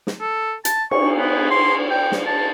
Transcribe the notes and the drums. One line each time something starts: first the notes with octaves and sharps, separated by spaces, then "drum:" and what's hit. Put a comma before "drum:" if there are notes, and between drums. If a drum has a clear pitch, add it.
drum: snare
A4
A5, drum: hi-hat
C#6, drum: cymbal
B3
C6
G5
drum: snare
A5